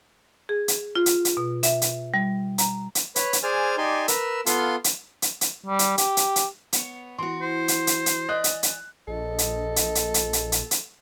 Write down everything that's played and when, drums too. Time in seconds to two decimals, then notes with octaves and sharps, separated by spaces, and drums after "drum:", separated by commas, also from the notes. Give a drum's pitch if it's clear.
0.49 G#4
0.68 drum: hi-hat
0.95 F4
1.06 drum: hi-hat
1.25 drum: hi-hat
1.37 B2
1.63 E5, drum: hi-hat
1.82 drum: hi-hat
2.14 G3
2.58 A#5, drum: hi-hat
2.95 drum: hi-hat
3.16 B4 C#5, drum: hi-hat
3.33 drum: hi-hat
3.43 G#4 C5 D5 G#5 F6
3.78 D#4 G4 D5 G#5 C6
4.08 A#4 B4 E6, drum: hi-hat
4.46 B3 F4 A4 F5 C6, drum: hi-hat
4.84 drum: hi-hat
5.22 drum: hi-hat
5.41 drum: hi-hat
5.67 G3
5.79 drum: hi-hat
5.98 G4, drum: hi-hat
6.17 drum: hi-hat
6.36 drum: hi-hat
6.73 B3 C#5, drum: hi-hat
7.18 E3 F#4 C6
7.41 C5
7.68 drum: hi-hat
7.87 drum: hi-hat
8.06 drum: hi-hat
8.29 D5 D#5 G#5 F#6
8.44 drum: hi-hat
8.63 drum: hi-hat
9.08 A#1 A4 D#5
9.38 drum: hi-hat
9.76 drum: hi-hat
9.95 drum: hi-hat
10.14 drum: hi-hat
10.33 drum: hi-hat
10.52 drum: hi-hat
10.71 drum: hi-hat